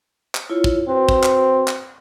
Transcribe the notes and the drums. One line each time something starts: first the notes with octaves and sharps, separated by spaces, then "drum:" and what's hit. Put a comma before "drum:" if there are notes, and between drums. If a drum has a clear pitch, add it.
drum: clap
E4 F4 C#5
drum: kick
C4 F#4 B4
drum: kick
drum: clap
drum: clap